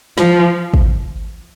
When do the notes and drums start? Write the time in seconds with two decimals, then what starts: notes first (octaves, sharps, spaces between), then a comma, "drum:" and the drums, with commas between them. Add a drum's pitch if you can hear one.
0.18 F3, drum: snare
0.74 drum: kick